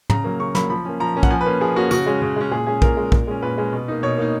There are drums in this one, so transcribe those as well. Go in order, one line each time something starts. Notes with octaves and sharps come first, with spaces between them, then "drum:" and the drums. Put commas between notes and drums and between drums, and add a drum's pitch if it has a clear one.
C#3 A#5, drum: tom
F#3 A#3
C#3 C#6
F#3 A#3 B5, drum: snare
F3 B5
A#3 C#4
F3 A#5
A#3 C#4
F#5, drum: kick
F3 G#5
B4
A#3 C#4
F3 G#4
A#3 C#4 F#4
C#3 F#4, drum: tambourine
G#3 C#4
C#3
G#3 C#4
A#2 G#4
G#3 C#4 G#4
A#2 A#4, drum: kick
G#3 C#4
A#2, drum: kick
G#3 C#4
A#2 B4
G#3 C#4
B2
A#3 D#4
B2 C#5
A#3 D#4